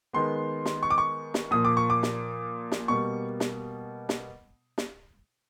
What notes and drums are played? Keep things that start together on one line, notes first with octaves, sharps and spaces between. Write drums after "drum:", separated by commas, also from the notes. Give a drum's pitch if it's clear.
D#3 G#3 B3 C6
drum: snare
C#6
D6
C#6
drum: snare
A#2 F3 A#3 D#6
D6
C#6
D6
drum: snare
drum: snare
B2 G3 A#3 C#6
drum: snare
drum: snare
drum: snare